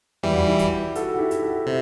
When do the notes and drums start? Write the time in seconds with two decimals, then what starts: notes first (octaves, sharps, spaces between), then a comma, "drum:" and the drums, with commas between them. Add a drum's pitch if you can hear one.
0.23 E3 G3 G4, drum: tom E2
0.34 F#4
0.46 E4 G4
0.59 drum: kick, hi-hat
0.95 F#4 A4, drum: hi-hat
1.14 F#4
1.19 E4 G4
1.31 drum: hi-hat
1.42 F#4 A4
1.66 C3